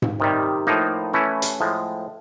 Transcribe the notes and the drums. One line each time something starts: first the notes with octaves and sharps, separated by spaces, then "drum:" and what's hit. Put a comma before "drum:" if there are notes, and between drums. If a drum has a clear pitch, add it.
drum: tom G#2
C3 D#3 G3
A2 F3 A#3 D#4
E3 A3 C#4 E4
drum: hi-hat
A2 F3 G#3